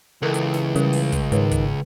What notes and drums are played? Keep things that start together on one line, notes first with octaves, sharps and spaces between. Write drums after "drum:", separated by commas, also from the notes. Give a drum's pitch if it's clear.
C#2 E3 A4 A#4
drum: hi-hat
drum: snare
C#3 G3 A#4 B4, drum: hi-hat
drum: open hi-hat
drum: kick, hi-hat
G#2 D#3 B4 C#5, drum: hi-hat
drum: kick, hi-hat